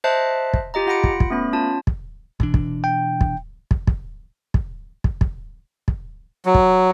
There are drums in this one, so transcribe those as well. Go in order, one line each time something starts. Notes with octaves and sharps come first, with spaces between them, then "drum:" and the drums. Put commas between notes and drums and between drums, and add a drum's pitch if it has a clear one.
C5 D#5 E5 A5 F#6 C7
drum: kick
F4 G4 D#5 A#5
F4 F#5 B5 A#6 C#7 D7
drum: kick
drum: kick
A3 B3 C#4 B5
C#4 F4 A5
drum: kick
B2 E3 D4, drum: kick
drum: kick
G5
drum: kick
drum: kick
drum: kick
drum: kick
drum: kick
drum: kick
drum: kick
F#3
drum: kick